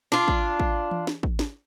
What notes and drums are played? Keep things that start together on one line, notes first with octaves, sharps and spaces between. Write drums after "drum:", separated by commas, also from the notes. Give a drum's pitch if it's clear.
D4 F4, drum: snare
drum: kick
drum: kick
drum: tom E3
drum: snare
drum: kick
drum: snare